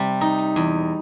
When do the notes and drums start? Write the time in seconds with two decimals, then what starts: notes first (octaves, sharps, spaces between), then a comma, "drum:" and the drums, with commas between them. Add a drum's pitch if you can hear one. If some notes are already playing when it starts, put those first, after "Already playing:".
Already playing: C3 G3
0.21 D#4, drum: hi-hat
0.38 drum: hi-hat
0.56 E2, drum: hi-hat